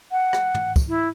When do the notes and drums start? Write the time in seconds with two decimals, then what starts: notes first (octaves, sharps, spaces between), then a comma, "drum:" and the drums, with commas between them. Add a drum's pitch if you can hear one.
0.12 F#5
0.33 drum: rim click
0.54 drum: tom
0.76 drum: kick, tambourine
0.89 E4